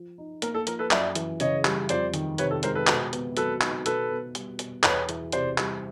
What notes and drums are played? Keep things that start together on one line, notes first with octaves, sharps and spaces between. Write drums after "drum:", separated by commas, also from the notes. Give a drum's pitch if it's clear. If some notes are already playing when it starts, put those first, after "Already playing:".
Already playing: F3
D#4
A#3 A#4, drum: hi-hat
A4
F3 A#4, drum: hi-hat
A4 B4
F#2 D5 E5, drum: clap
E3, drum: hi-hat
C#3 C#5 D#5, drum: hi-hat
G3, drum: clap
F2 C5 D5, drum: hi-hat
D#3, drum: hi-hat
C3 B4 C#5, drum: hi-hat
A4
G#3 A#4 C5, drum: hi-hat
A4 B4
B2, drum: clap
B3, drum: hi-hat
F#3 A4 B4, drum: hi-hat
D#4, drum: clap
B2 A4 B4, drum: hi-hat
B3
G3, drum: hi-hat
B2, drum: hi-hat
E2 B4 C#5, drum: clap
E3, drum: hi-hat
C3 C5 D5, drum: hi-hat
G3, drum: clap